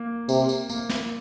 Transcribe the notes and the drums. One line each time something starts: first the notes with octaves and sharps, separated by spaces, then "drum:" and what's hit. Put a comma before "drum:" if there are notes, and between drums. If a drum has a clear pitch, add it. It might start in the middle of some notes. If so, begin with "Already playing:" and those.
Already playing: A#3
C3, drum: tambourine
drum: tambourine
A#3, drum: tambourine
drum: snare